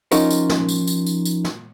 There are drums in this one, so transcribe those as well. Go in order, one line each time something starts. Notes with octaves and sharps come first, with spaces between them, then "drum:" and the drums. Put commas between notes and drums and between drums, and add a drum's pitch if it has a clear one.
F3 C#4 D#4 F4 F#4 A#4, drum: tambourine
drum: tambourine
drum: snare
drum: tambourine
drum: tambourine
drum: tambourine
drum: tambourine
drum: snare